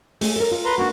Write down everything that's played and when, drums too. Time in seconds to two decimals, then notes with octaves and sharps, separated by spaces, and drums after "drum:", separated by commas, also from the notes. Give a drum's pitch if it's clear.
0.21 A3 G#4 G#5, drum: open hi-hat
0.36 A4 A#4
0.51 F4
0.65 B4 A#5 C6
0.78 A#3 D4 F#4